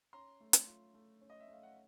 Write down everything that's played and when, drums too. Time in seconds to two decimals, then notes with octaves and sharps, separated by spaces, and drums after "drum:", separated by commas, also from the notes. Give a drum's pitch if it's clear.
0.13 C#4 A#5 C6
0.40 A3
0.53 drum: hi-hat
0.67 F4
0.94 A3
1.21 C#4
1.30 D#5
1.40 E5
1.48 A3 F5
1.63 F#5